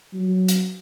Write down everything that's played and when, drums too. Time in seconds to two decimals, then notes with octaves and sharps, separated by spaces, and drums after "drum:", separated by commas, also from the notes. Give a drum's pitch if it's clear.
0.14 F#3
0.48 drum: hi-hat